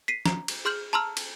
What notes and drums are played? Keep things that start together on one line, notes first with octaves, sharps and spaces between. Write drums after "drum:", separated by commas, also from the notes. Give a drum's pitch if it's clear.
B6 C7 D#7
A#5, drum: snare
drum: cymbal
G#4 C6 F6 G6 F#7
A5 A#5 C6 E6 F6
drum: cymbal